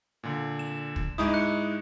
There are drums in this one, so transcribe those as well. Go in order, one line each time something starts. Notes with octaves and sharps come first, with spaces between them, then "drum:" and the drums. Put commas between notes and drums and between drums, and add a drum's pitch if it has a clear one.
A#2 D3
E7
drum: kick
G#2 G#3 D#4 E4 G4 D#5 D#6
C#6 F#6 C#7